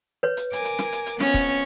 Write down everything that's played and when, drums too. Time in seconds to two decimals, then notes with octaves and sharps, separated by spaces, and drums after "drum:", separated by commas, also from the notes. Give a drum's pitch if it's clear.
0.23 B4 C#5
0.37 drum: hi-hat
0.53 A#4 G#5 D6, drum: hi-hat
0.65 drum: hi-hat
0.79 drum: snare
0.92 drum: hi-hat
1.06 drum: hi-hat
1.20 F2 B3 C#4 C#5, drum: snare
1.34 drum: kick, hi-hat